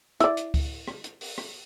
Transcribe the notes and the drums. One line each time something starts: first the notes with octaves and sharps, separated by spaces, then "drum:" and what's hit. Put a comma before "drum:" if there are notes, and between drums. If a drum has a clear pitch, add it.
E4 D5, drum: hi-hat
drum: hi-hat
drum: kick C#2, open hi-hat
drum: rim click
drum: hi-hat
drum: open hi-hat
drum: rim click